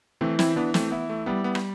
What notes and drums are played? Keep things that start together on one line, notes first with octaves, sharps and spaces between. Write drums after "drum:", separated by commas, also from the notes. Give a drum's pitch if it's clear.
E3 A3 C4
C4 E4, drum: snare
E3 B3 D4
A3 C4, drum: snare
B3 E4
A3
G3 B3
B3
drum: rim click